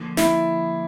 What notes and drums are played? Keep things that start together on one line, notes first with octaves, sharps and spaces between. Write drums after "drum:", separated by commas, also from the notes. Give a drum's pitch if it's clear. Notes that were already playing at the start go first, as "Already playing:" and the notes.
Already playing: D3 F3 A#3
E4, drum: snare